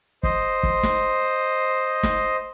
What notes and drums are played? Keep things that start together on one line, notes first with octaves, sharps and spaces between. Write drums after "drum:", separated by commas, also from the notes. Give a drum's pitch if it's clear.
C5 D#5, drum: kick
drum: kick
drum: snare
drum: snare